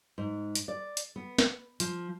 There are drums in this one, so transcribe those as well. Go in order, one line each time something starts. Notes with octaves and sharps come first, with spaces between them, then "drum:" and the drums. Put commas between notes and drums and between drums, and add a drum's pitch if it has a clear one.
G#2
drum: hi-hat
D5
drum: hi-hat
B3
drum: snare
F3, drum: hi-hat